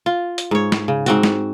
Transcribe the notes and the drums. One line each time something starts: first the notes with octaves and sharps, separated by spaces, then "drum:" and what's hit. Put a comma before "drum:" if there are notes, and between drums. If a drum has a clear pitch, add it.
F4
drum: hi-hat
G#2 C#5
drum: snare
C#3
G#2 C4 F#4, drum: hi-hat
drum: snare